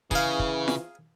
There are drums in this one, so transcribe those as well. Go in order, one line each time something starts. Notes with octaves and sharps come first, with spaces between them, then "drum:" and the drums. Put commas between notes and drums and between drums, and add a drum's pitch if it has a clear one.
C#3 E3 G#4 F5, drum: kick
drum: kick
drum: snare F4